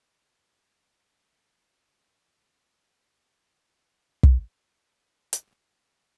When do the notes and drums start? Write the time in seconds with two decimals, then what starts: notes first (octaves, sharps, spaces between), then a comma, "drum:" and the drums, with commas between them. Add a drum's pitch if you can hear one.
0.21 F5 F#5
0.42 F#4 G#4 B4 B5 C6 D6
0.77 B3 F#4 B4 C#5
1.21 D3 F3 E4 D6 F#6
1.62 C#4 D#4 F#5 A#5 G#6 A#6
2.22 B3
2.43 F3
2.70 G#2
3.02 G#3
3.43 G#2
4.23 drum: kick
5.33 drum: hi-hat
5.52 F#2